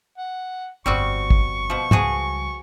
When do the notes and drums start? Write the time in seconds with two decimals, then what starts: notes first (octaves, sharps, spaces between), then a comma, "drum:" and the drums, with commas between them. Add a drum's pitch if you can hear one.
0.18 F#5
0.86 G1 F2 G3 C4 F#4 C#6
1.30 drum: kick
1.70 B2 F3
1.91 C#2 F3 G3 F#4 G#4, drum: tom